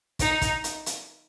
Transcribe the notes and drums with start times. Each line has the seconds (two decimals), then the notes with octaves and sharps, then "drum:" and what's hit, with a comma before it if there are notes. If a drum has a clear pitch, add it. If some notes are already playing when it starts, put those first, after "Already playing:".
0.19 D#4, drum: kick, hi-hat
0.42 drum: kick, hi-hat
0.64 drum: hi-hat
0.86 drum: hi-hat